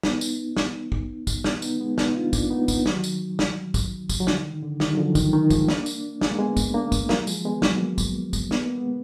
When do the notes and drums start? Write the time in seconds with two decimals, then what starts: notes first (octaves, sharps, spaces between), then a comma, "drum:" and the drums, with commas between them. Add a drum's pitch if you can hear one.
0.03 B3 D#4, drum: snare
0.21 drum: tambourine
0.57 drum: snare
0.92 drum: kick
1.27 drum: kick, tambourine
1.44 B3 D#4, drum: snare
1.62 B3 D#4, drum: tambourine
1.80 G#3 B3
1.98 B3 D#4, drum: snare
2.15 D4 F4
2.33 A#3 D4, drum: kick, tambourine
2.51 B3 D#4
2.68 B3 D#4, drum: kick, tambourine
2.86 D#3 F#3, drum: snare
3.04 drum: tambourine
3.39 drum: snare
3.74 drum: kick, tambourine
4.10 drum: kick, tambourine
4.20 F#3
4.27 D3 F3, drum: snare
4.45 D#3
4.62 D3
4.80 D#3, drum: snare
4.93 F#3
4.97 D3 F3
5.15 D#3, drum: kick, tambourine
5.33 D#3
5.50 F3 G#3, drum: kick, tambourine
5.68 A#3 D4, drum: snare
5.86 drum: tambourine
6.21 G#3, drum: snare
6.30 A#3
6.39 G#3 B3
6.57 drum: kick, tambourine
6.74 A#3 D4
6.92 drum: kick, tambourine
7.09 F#3 A#3, drum: snare
7.27 F3 G#3, drum: tambourine
7.45 G#3 B3
7.62 F#3 A#3, drum: snare
7.98 drum: kick, tambourine
8.33 drum: kick, tambourine
8.51 B3, drum: snare
8.64 A#3
8.78 G#3 B3